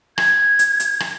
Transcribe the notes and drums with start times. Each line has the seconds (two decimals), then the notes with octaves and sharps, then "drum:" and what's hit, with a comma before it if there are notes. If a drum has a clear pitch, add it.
0.18 G#6, drum: rim click
0.59 drum: hi-hat
0.80 drum: hi-hat
1.00 drum: rim click